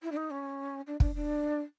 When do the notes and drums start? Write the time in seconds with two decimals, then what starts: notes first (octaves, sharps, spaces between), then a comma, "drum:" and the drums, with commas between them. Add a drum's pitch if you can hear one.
0.02 E4
0.11 D4
0.16 D#4
0.30 C#4
0.86 D4
1.00 D4, drum: kick
1.15 D4